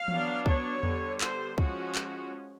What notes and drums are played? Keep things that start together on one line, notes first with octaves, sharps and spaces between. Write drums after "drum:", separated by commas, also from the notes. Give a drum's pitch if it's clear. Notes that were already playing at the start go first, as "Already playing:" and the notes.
Already playing: F5
F#3 B3 D4, drum: tom E3
C#5, drum: kick
D3 G3 B3, drum: tom E2
C5, drum: clap
F3 G#3 C#4 F#4, drum: kick
drum: clap